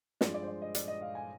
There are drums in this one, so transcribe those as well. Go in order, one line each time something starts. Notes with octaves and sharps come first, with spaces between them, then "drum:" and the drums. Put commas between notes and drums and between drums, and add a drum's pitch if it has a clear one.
G2 F3 G#3 D5, drum: snare
D5
C5
D5
D#5
D5, drum: hi-hat
D#5
F5
G#5